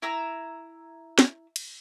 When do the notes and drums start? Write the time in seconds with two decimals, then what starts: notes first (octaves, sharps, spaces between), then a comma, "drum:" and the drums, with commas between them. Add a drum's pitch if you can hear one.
0.02 E4 A#5 E6
1.19 drum: snare
1.56 drum: cymbal